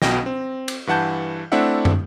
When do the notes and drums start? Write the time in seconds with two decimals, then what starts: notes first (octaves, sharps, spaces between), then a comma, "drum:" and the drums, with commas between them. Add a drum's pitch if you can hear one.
0.02 B1 B2 B3 G5 A#6, drum: snare
0.26 C4
0.68 drum: cymbal
0.87 G2 E3 F#5 A5 G6
1.52 A3 C4 D4 E4 E5 F#5
1.85 drum: tom